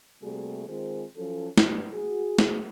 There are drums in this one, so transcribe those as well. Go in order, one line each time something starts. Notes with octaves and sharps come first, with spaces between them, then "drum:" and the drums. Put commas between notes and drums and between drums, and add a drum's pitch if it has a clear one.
C3 G3 A3 A#3 F#4 G#4
D#3 G#3 C4 F4 G#4 C5
F3 F#3 C#4 F#4 A4
G2, drum: snare
F#4 G#4
drum: snare